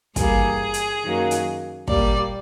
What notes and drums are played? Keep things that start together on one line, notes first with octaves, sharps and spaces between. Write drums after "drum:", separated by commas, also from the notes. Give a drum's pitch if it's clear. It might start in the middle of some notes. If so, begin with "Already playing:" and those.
G2 E3 G3 A#3 G#4, drum: kick, hi-hat
drum: hi-hat
F#2 D#3 F#3 A#3
drum: hi-hat
A#2 G3 A#3 D5, drum: kick